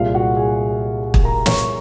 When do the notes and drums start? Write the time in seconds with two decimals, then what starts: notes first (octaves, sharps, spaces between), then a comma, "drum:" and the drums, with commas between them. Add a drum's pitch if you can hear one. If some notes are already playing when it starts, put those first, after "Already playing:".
Already playing: C2 A#2 G#3 F4 F5
0.14 F#4 F#5
0.36 G#4 G#5
1.14 drum: kick
1.24 A#4 A#5
1.46 C#5 C#6, drum: snare